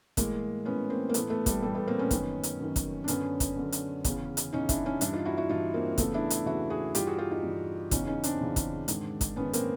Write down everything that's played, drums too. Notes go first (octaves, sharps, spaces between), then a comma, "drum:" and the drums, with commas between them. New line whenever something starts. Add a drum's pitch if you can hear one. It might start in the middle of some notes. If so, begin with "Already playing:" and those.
A2 E3 G#3 A#3, drum: kick, hi-hat
A2 E3 B3 C#4
A#3 C4
A#3
A2 E3 A3 B3, drum: hi-hat
A3 B3
G3 A3, drum: kick, hi-hat
A2 E3 G3 A3
A3 B3
A#3 C4
B3 C#4
F#2 D#3, drum: kick, hi-hat
drum: hi-hat
F#2 D#3
drum: kick, hi-hat
D4
F#2 D3 B3 C#4, drum: hi-hat
drum: kick, hi-hat
F#2 D3
drum: hi-hat
E2 C#3 E3, drum: kick, hi-hat
drum: hi-hat
E2 C#3 E3 C#4 D#4
D4 E4, drum: kick, hi-hat
C#4 D#4
G2 E3 D4 E4, drum: hi-hat
D#4 F4
E4 F#4
E4 F#4
G2 E3 D#4 F4
A#3 C4
E2 C#3 E3 A3 B3, drum: kick, hi-hat
D4 E4
drum: hi-hat
E2 C#3 E3 E4 F#4
F#4 G#4
G2 E3 F4 G4, drum: hi-hat
F#4 G#4
F4 G4
D#4 F4
G2 E3
E2 C#3 E3 C#4 D#4, drum: kick, hi-hat
C#4 D#4
C4 D4, drum: hi-hat
E2 C#3 E3
drum: kick, hi-hat
G#2 D#3, drum: hi-hat
drum: kick, hi-hat
G#2 D#3 B3 C#4
A#3 C4, drum: hi-hat